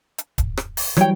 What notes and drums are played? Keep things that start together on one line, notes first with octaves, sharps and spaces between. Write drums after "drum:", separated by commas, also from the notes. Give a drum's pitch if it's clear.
drum: hi-hat
drum: kick, hi-hat
drum: rim click
drum: open hi-hat
E3 F#3 G3 C#5 G5, drum: rim click